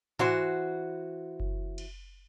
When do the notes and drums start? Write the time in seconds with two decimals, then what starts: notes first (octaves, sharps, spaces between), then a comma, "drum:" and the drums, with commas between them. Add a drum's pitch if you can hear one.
0.19 E3 F#4 C5, drum: tom G#2
1.40 drum: kick F#1
1.78 drum: cymbal